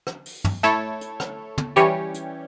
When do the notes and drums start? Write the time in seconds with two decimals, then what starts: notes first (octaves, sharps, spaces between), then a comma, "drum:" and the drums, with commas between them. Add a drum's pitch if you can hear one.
0.07 drum: rim click
0.26 drum: open hi-hat
0.44 drum: tom
0.63 A3 E4 A4 C#5, drum: hi-hat
1.01 drum: hi-hat
1.20 drum: rim click
1.58 drum: tom
1.76 E3 G3 C#4 G4 C#5, drum: hi-hat
2.14 drum: hi-hat